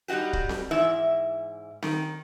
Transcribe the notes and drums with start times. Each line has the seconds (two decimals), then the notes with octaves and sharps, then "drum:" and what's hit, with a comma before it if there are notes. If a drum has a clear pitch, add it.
0.08 G3 D#4 E4 F#4 G4
0.33 drum: kick C#1
0.49 drum: snare C4
0.71 G#2 E3 E4 E5
1.82 D#3, drum: snare C4